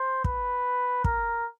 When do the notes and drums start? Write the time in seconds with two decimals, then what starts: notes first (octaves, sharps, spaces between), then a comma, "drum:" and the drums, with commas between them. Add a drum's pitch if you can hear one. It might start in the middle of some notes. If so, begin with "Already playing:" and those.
Already playing: C5
0.24 B4, drum: kick
1.04 A#4, drum: kick